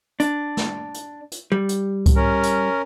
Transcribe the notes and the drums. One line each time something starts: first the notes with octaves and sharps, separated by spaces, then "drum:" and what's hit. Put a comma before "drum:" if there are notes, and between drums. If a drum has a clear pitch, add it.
D4, drum: hi-hat
drum: snare
drum: hi-hat
drum: hi-hat
G3
drum: hi-hat
drum: kick C2, hi-hat
C#4 A#4
drum: hi-hat